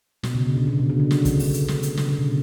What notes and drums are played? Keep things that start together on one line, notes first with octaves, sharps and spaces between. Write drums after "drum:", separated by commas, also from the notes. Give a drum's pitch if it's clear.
B2, drum: snare
C#3
D3
B2
B2
C#3
D3
C#3
drum: snare
drum: kick, hi-hat
drum: open hi-hat
drum: hi-hat
drum: snare
drum: hi-hat
C#3, drum: snare
D3
B2